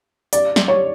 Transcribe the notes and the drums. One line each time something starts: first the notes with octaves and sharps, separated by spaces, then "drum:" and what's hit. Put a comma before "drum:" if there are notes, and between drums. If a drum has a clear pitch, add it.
D5, drum: hi-hat
drum: snare
C#5